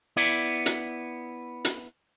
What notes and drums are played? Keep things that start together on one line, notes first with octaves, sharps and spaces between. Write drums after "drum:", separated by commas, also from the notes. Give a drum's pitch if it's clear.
B3 E4 D5
drum: hi-hat
drum: hi-hat